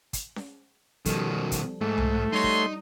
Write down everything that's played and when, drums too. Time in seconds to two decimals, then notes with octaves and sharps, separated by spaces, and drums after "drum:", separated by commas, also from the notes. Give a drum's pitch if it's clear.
0.13 drum: kick, hi-hat
0.36 drum: snare C#4
1.05 B2 D#3 F3 G3 A4, drum: kick, hi-hat
1.52 drum: kick, hi-hat
1.81 G#2 A3
1.98 drum: tom C2
2.33 G3 D#4 F#4 C#5 C6
2.44 drum: kick